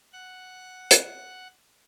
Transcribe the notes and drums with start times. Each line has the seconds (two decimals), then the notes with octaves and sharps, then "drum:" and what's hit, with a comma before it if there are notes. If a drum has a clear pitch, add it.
0.13 F#5 F#6
0.91 drum: hi-hat